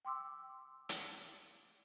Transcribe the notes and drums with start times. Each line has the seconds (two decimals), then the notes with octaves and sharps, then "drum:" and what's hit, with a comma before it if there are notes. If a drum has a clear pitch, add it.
0.05 G5 C6 D6 E6
0.89 drum: hi-hat